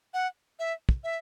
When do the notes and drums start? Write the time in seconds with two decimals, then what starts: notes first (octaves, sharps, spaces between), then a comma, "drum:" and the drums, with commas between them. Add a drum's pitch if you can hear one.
0.14 F#5
0.59 E5
0.89 drum: kick
1.04 E5